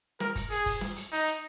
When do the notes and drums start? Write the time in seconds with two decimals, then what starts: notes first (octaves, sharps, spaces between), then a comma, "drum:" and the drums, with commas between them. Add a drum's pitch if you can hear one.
0.20 A#4, drum: snare
0.35 drum: kick, hi-hat
0.50 G#4, drum: hi-hat
0.66 drum: kick, open hi-hat
0.81 drum: snare
0.96 drum: hi-hat
1.12 D#4, drum: hi-hat
1.27 drum: hi-hat